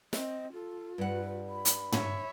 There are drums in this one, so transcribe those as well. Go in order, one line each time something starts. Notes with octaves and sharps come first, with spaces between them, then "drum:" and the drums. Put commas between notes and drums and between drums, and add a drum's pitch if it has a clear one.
C4 D#5, drum: snare
F4 A4
G2 B4 F#5
B5
drum: hi-hat
C#5 E5, drum: tom